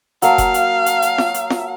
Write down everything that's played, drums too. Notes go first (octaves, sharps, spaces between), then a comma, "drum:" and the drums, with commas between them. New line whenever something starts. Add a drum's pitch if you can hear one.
F#3 A#3 F5 A5, drum: hi-hat
drum: kick F1, hi-hat
drum: hi-hat
drum: hi-hat
drum: hi-hat
drum: snare F4
drum: hi-hat
drum: snare F4